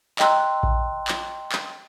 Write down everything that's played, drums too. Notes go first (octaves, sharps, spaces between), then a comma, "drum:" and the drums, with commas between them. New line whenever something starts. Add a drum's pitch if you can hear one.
D#5 G5 A#5 C6 E6 F#6, drum: clap
drum: kick A1
drum: clap
drum: clap